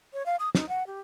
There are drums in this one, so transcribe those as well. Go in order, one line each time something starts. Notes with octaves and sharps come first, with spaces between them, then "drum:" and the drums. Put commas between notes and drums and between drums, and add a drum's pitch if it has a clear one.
C#5
F5
D#6
D#4, drum: snare
F#5
G4